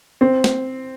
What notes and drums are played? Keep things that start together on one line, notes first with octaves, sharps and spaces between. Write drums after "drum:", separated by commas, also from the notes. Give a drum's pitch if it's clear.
C4
drum: snare